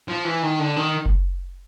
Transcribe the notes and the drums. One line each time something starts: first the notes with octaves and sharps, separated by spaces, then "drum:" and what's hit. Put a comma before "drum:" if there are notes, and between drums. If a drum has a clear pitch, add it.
F3
E3
D#3
D3
D#3
drum: kick F#1